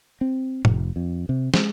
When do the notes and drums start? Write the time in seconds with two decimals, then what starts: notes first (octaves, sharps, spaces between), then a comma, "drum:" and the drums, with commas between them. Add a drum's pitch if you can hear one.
0.21 C4
0.65 F1, drum: tom
0.96 F2
1.29 C3
1.54 G#3, drum: snare